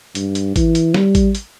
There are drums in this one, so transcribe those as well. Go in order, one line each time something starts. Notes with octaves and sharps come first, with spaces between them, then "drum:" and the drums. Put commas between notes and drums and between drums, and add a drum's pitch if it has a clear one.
G2, drum: hi-hat
drum: hi-hat
E3, drum: kick A1, hi-hat
drum: hi-hat
G3, drum: snare
drum: kick A1, hi-hat
drum: hi-hat